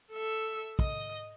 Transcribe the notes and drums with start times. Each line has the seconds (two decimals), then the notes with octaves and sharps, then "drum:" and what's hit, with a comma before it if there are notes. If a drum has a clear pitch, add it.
0.12 A4 E5
0.79 D#5, drum: kick